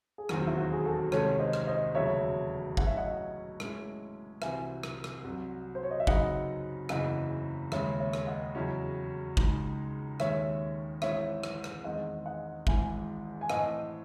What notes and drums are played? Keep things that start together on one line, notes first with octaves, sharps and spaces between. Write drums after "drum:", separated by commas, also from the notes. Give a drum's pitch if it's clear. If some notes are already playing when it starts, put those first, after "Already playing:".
G#4
E1 D#2 D#3 F#3 C4 F#4, drum: rim click
E4
F#4
G#4
F#4 A4
C2 C3 D#3 G#3 C#4 A4 C#5, drum: rim click
C5 D#5
drum: rim click
C5 D#5
E1 D#2 C#3 F#3 A3 C#5 E5
A2 F#3 C#4 E4 F#5, drum: kick G#1
E5
D#5 F#5
A2 G#3 C#4 E4, drum: rim click
C2 C3 E3 C4 F#4 E5 G#5, drum: rim click
drum: rim click
drum: rim click
C2 C3 F#3
C5
C#5
D#5
E5
F#2 C#3 F#3 C4 D#4 D#5 F#5, drum: kick G#1
F#1 E2 C#3 E3 C4 D#5 F#5, drum: rim click
D#2 C#3 G#3 C#5 E5, drum: rim click
C#5 E5
drum: rim click
D#5 F#5
E2 C#3 F#3 C#4 E4
C#2 C#3 G#3 D#4, drum: kick G#1
D#2 D#3 G#3 C#4 C#5 E5, drum: rim click
G#1 G#2 E3 C4 E4 C#5 E5, drum: rim click
drum: rim click
drum: rim click
E2 D#3 G#3 C4 D#5 F#5
D#5 F#5
G#1 G#2 E3 G#3 E5 G#5, drum: kick G#1
G#5
A2 E3 C4 D#5 F#5, drum: rim click